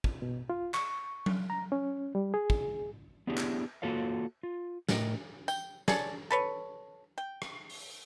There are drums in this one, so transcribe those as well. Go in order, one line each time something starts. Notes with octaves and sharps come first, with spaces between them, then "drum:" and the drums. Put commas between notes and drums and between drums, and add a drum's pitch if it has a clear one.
drum: kick
B2
F4
C#6, drum: clap
drum: tom F#3
A#5
C#4
G3
G#4
drum: kick
B3 D4 E4 G4 G#4
drum: clap
A#3 F4 F#4 A4 C#5 F5
F4
A2 A#4 D#5 G5, drum: snare
G5, drum: tambourine
G#4 A4 C#5 D5, drum: snare
A4 B4 C#5
G5
drum: rim click
drum: open hi-hat